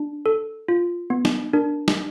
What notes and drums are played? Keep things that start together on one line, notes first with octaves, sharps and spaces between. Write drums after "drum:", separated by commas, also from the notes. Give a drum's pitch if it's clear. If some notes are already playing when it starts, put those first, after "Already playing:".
Already playing: D4
A4
F4
B3
drum: snare
D4 A#4
drum: snare